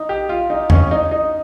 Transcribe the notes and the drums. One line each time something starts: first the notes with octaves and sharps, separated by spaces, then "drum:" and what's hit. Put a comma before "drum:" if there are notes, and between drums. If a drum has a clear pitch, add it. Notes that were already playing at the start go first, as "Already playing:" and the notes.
Already playing: D#4
G4
F4
D#4
C#4, drum: tom E2
D#4
D#4